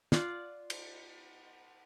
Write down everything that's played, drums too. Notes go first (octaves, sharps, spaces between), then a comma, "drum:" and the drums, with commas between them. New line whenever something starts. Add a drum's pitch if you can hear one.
F4 D5 F#5, drum: snare
drum: cymbal